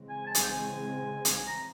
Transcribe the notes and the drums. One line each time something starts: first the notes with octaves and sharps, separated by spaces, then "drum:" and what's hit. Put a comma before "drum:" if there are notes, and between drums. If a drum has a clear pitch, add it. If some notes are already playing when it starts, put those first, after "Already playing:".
Already playing: C#3 E3 G#3 C4
G#5
A5
G#5, drum: hi-hat
G5
G#5
drum: hi-hat
A#5